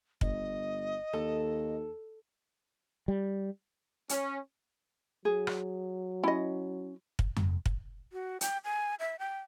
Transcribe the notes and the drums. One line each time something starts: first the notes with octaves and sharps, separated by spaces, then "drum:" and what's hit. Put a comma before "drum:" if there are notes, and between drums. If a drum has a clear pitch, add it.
G1 D#5, drum: kick
D#2 A4
G3
C#4, drum: hi-hat
F#3 G#4
drum: rim click
C#4 E4 D#5
drum: kick
drum: tom F2
drum: kick
F#4
G5, drum: hi-hat
G#5
E5
G5